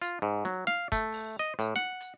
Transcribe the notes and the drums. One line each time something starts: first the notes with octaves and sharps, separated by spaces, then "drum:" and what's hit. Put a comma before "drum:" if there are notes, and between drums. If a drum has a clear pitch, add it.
F4, drum: hi-hat
G#2
F#3, drum: snare
F5, drum: snare
A3, drum: kick, hi-hat
drum: open hi-hat
D#5
A2, drum: hi-hat
F#5, drum: snare
drum: hi-hat